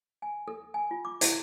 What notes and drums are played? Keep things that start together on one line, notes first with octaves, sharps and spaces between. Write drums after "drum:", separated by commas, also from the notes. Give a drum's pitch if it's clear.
G#5
A4
G#5
F4
D6
E4, drum: hi-hat